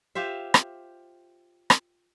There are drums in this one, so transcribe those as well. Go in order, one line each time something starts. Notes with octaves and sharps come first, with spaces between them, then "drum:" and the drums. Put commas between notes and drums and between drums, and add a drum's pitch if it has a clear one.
F4 G4 C5 E5
drum: rim click
drum: rim click